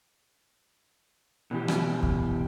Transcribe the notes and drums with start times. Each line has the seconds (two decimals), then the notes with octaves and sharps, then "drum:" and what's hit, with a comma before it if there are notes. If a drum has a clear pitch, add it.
1.51 B2 E3 G4
1.68 drum: rim click
2.03 drum: kick